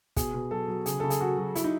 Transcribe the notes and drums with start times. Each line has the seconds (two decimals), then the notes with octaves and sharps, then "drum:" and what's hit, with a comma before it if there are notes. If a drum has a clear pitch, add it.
0.16 B2 G#4, drum: kick, hi-hat
0.34 B2
0.51 F#3 A4
0.68 F#3
0.86 C#3 G#4, drum: hi-hat
1.00 C#3 A4
1.10 G#4, drum: hi-hat
1.21 F#3 F#4
1.37 F#3
1.55 F#3 E4, drum: hi-hat
1.64 D#4